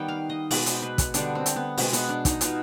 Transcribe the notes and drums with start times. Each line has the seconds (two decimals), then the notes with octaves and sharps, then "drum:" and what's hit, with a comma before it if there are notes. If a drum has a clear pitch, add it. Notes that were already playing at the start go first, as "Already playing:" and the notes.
Already playing: D#3 G3 B3 G5
0.08 F5
0.30 D#5
0.51 B2 G#3 B3 D5, drum: open hi-hat
0.66 C5, drum: hi-hat
0.82 B4
0.98 drum: kick, hi-hat
1.14 D3 G3 B3 D4, drum: hi-hat
1.35 C4
1.46 drum: hi-hat
1.56 B3
1.77 B2 G#3 B3 C4, drum: open hi-hat
1.93 B3, drum: hi-hat
2.09 D4
2.25 D#4, drum: kick, hi-hat
2.41 B2 B3 F4, drum: hi-hat